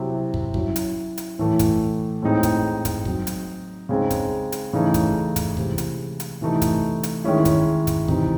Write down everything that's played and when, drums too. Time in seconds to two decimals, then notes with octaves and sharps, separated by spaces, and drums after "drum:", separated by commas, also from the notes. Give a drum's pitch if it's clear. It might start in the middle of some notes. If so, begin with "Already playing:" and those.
Already playing: C3 F#3 C4 E4
0.34 drum: kick
0.54 F#3 C#4 E4, drum: kick
0.76 drum: hi-hat
1.18 drum: hi-hat
1.39 A2 E3 A3
1.59 drum: kick, hi-hat
2.22 A2 G#3 C4 D#4
2.43 drum: kick, hi-hat
2.85 drum: kick, hi-hat
3.05 F#3 C4 D#4, drum: kick
3.27 drum: hi-hat
3.89 C#3 G#3 C4 D#4
4.10 drum: kick, hi-hat
4.52 drum: hi-hat
4.73 C#3 E3 A3 D#4
4.94 drum: kick, hi-hat
5.36 drum: kick, hi-hat
5.57 C3 E3 G#3, drum: kick
5.78 drum: hi-hat
6.20 drum: hi-hat
6.41 C3 E3 A3 D#4
6.62 drum: kick, hi-hat
7.03 drum: hi-hat
7.24 D#3 G#3 C#4 E4
7.45 drum: kick, hi-hat
7.87 drum: kick, hi-hat
8.08 C3 E3 C4 D#4, drum: kick